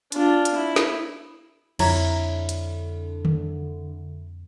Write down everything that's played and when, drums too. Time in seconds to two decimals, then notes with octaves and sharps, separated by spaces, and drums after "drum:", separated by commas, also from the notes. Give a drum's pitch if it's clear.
0.12 D4 F4, drum: hi-hat
0.45 drum: hi-hat
0.56 E4
0.76 drum: snare
1.79 F2 D3 E4 C#5 A#5, drum: cymbal
2.49 drum: hi-hat
3.25 drum: tom D3